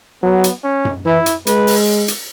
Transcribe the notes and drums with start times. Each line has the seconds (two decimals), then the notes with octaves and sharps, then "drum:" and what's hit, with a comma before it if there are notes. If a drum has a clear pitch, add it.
0.23 F#3 B3
0.44 drum: hi-hat
0.64 C#4
0.85 drum: tom F#2
1.05 E3 E4
1.26 drum: hi-hat
1.47 G#3 B4, drum: hi-hat
1.67 drum: open hi-hat
2.08 drum: hi-hat